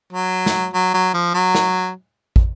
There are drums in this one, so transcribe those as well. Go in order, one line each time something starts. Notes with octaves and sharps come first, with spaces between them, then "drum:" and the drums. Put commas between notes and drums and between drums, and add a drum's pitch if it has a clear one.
F#3
drum: snare
F#3
F#3
F3
F#3
drum: snare
drum: kick